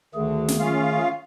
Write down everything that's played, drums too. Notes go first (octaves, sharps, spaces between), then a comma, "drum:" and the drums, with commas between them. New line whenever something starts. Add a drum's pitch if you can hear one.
D2 D3 D#3 A3 G#4
drum: snare
C#4 F4 F5